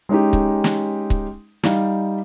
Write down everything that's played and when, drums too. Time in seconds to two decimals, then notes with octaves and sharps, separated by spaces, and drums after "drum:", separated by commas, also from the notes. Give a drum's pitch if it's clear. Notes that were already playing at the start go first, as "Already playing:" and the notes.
0.09 G#3 C#4 D#4 G4
0.33 drum: kick C#1
0.64 drum: snare
1.10 drum: kick C#1
1.63 G3 D#4 F5, drum: snare